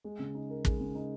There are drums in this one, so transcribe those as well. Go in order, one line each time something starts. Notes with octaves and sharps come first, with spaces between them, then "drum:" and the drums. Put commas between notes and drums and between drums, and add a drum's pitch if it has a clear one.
G#3
C#3
D#4
A#4
G#3, drum: kick
C#3
D#4